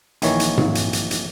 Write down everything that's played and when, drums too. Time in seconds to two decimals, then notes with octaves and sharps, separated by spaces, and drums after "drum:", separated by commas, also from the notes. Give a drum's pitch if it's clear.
0.22 A#1 D#3 E3 C#5, drum: hi-hat
0.40 drum: hi-hat
0.57 drum: tom G#2
0.75 drum: hi-hat
0.93 drum: hi-hat
1.11 drum: hi-hat